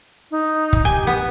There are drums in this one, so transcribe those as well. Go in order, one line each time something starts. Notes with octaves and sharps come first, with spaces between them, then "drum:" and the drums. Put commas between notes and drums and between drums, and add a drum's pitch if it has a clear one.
D#4
drum: kick
G4 G#5
B3